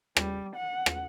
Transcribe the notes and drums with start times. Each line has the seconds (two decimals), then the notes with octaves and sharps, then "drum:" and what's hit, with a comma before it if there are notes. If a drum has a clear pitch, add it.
0.17 G3, drum: rim click
0.56 F#5
0.86 drum: rim click